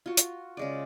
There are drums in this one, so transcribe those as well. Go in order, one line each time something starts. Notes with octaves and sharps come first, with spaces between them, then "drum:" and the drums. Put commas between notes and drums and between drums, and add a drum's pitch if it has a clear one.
F4 F#4
drum: hi-hat
C#3 G#3 D5